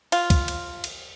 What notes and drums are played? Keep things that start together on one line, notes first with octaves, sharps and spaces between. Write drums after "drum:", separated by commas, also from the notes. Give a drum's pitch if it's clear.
F4, drum: cymbal
drum: kick, cymbal
drum: cymbal
drum: cymbal